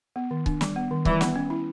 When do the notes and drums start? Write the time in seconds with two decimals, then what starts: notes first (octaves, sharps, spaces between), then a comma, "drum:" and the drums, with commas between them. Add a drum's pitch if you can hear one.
0.16 B3
0.31 D#3
0.46 D4, drum: kick C#1
0.61 G3, drum: snare
0.76 B3
0.91 D#3
1.05 E3 G3, drum: kick C#1
1.21 B3, drum: snare
1.36 C#4
1.50 E4